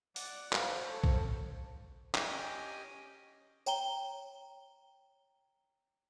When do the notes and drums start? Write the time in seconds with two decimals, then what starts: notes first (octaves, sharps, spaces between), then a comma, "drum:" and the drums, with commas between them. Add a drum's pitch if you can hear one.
0.16 D5 F#5, drum: open hi-hat
0.53 F#4 B4 C5 F5, drum: clap
0.88 A4 C#5
1.04 drum: kick A#1
2.15 C#4 G4 D#5 G5 G#5, drum: clap
3.66 C#5 G5 A#5 G7, drum: tambourine